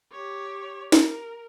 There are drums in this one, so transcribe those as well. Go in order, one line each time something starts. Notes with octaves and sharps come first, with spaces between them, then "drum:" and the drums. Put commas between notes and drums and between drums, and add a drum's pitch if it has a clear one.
G4 C#5
A#4, drum: snare